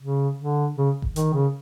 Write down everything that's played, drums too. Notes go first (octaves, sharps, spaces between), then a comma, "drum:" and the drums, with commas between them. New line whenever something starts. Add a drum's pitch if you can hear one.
C#3
D3
C#3
drum: kick F#1
D#3, drum: hi-hat
C#3